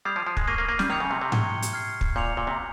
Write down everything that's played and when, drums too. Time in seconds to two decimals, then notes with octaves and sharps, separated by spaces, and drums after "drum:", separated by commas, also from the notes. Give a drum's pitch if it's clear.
0.05 G3 D#6 G#6 C7 F7
0.16 F3
0.27 F3
0.37 G#3, drum: kick
0.47 A#3 C#6 F6 G#6 C7 D#7
0.58 A#3
0.69 A#3
0.79 G3, drum: snare
0.90 D#3 G6 C#7 F7
1.00 C#3
1.11 C3
1.22 C3
1.32 C#6 G#6 C#7 G7, drum: tom G#2
1.62 drum: hi-hat
1.73 F6 G#6 C7
2.01 drum: kick
2.15 A#2 G6 C#7 F7
2.37 A#2
2.47 C3